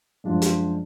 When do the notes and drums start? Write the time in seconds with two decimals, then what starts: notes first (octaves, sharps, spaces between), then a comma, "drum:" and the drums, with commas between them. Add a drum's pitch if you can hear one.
0.24 F#2 F3 G#3 D4 F4
0.42 drum: hi-hat